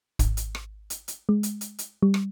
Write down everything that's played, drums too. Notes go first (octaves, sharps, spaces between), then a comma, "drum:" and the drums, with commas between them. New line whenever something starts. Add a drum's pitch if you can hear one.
G#1, drum: kick, hi-hat
drum: hi-hat
drum: rim click
drum: hi-hat
drum: hi-hat
G#3
drum: hi-hat
drum: hi-hat
drum: hi-hat
G3
drum: rim click